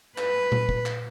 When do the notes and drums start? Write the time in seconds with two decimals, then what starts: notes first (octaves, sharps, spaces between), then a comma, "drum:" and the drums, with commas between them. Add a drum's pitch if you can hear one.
0.18 B4, drum: clap
0.52 drum: tom A#2
0.69 drum: kick
0.86 drum: clap